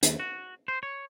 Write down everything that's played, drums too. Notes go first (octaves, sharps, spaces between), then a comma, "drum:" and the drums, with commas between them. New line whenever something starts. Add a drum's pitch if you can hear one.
D#2, drum: hi-hat
F#4
C5
C#5